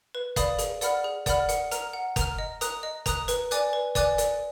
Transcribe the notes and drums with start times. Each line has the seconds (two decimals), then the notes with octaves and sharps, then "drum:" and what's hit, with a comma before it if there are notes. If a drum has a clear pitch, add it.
0.15 B4
0.36 D5 F5 B5 D#6, drum: kick F#1, hi-hat
0.59 G#4, drum: hi-hat
0.81 D5 F#5 B5 F6, drum: hi-hat
1.04 G#4
1.26 D5 F#5 B5 F6, drum: kick F#1, hi-hat
1.49 F#5, drum: hi-hat
1.71 A#5 F6, drum: hi-hat
1.93 F#5
2.16 A#5 F6, drum: kick F#1, hi-hat
2.39 D#5
2.61 A#5 D#6 F#6, drum: hi-hat
2.83 D#5
3.06 A#5 D#6 F#6, drum: kick F#1, hi-hat
3.28 B4, drum: hi-hat
3.51 D5 G#5 D6 F#6, drum: hi-hat
3.73 B4
3.95 D5 G#5 D6 F#6, drum: kick F#1, hi-hat
4.18 D5, drum: hi-hat